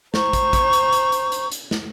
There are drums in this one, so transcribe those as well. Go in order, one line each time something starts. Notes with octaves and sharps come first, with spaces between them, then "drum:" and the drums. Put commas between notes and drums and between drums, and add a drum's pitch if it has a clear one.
C5 A#5 C#6 G6, drum: snare
drum: kick, hi-hat
drum: kick, hi-hat
drum: hi-hat
drum: hi-hat
drum: hi-hat
drum: hi-hat
drum: hi-hat
drum: snare